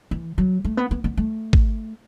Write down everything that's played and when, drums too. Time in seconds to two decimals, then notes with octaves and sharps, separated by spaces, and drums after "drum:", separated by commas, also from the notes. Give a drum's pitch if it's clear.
0.11 E3
0.38 F#3
0.65 A3
0.77 B3
0.91 B3
1.04 B3
1.17 A3
1.53 drum: kick